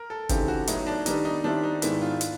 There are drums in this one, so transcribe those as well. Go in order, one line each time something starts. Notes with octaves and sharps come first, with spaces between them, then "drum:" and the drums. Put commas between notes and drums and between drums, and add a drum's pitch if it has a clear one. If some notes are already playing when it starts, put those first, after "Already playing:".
Already playing: A#4
A4
C#3 E3 A3 C4 D#4 G4, drum: kick G1, hi-hat
F#4
A2 F#3 B3 D#4, drum: hi-hat
D4
D#3 G3 B3 D4 D#4, drum: hi-hat
D#4
D#3 G3 C4 D4 E4
D#4
G#2 D#3 G#3 B3 E4, drum: hi-hat
F4
drum: hi-hat